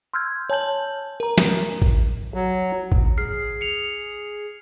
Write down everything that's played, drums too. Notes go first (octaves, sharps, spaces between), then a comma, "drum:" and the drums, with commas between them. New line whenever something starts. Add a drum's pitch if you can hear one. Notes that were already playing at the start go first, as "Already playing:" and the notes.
C6 E6 F6 G6 G#6
C#5 G#5 A5 G6 F#7
A#4 A#5
drum: snare
drum: kick A1
F#3
drum: kick A1
G#4 F6 C7
C#7 F7